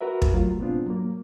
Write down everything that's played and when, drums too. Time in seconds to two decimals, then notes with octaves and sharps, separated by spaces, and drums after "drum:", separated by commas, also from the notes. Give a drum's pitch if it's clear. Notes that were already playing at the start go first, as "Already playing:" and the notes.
0.01 F#4 A#4 B4 E5
0.22 drum: kick
0.34 F#3 A3 F4
0.59 G#2 B2 B3 C4 D4 F4
0.86 F#3 A#3